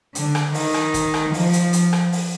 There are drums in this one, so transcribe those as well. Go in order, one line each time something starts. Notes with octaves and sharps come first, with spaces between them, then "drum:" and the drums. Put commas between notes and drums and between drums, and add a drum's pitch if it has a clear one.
D3, drum: hi-hat
drum: rim click
D#3, drum: open hi-hat
drum: rim click
drum: kick, hi-hat
drum: rim click
F3, drum: open hi-hat
drum: hi-hat
drum: hi-hat
drum: rim click
drum: open hi-hat